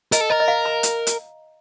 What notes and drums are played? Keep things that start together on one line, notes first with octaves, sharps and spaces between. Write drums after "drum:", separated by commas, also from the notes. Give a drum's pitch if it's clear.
A#4 D#5, drum: hi-hat
A4
A#4 D#5
D#5
F5
A#5
drum: hi-hat
drum: hi-hat